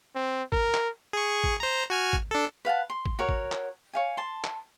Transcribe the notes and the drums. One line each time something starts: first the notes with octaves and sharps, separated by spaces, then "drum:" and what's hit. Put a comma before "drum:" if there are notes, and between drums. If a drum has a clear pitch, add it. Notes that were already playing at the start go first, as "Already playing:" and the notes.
C4
A#4, drum: kick
drum: clap
G#4 C#6
drum: kick
C5 A#5
F#4 G#5 F6
drum: kick
D4 A4
B4 F5 F#5 A5
C6
drum: kick
F#4 A#4 C#5
drum: kick
drum: clap
C#5 F5 G#5
A5 C6
drum: clap